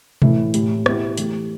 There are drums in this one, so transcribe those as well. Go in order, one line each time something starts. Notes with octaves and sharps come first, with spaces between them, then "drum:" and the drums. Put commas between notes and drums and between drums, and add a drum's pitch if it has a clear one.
A2 E3 A3 E4, drum: tom B2
A2 A3 G4, drum: hi-hat
B2 B3 E4 G4, drum: rim click
E3 A3 G4, drum: hi-hat